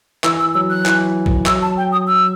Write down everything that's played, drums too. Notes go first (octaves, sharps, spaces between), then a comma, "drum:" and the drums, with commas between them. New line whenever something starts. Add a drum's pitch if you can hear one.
E3 E6, drum: clap
E6
F#3 E6
F#6
E3, drum: clap
drum: kick A#1
F#3 E6, drum: clap
A5
G5
D#6
E6